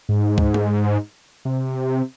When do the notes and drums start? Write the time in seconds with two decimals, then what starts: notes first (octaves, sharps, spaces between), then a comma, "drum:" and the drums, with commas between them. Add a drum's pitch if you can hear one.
0.09 G#2
0.38 drum: kick C#2
0.54 drum: tom G#3
1.45 C3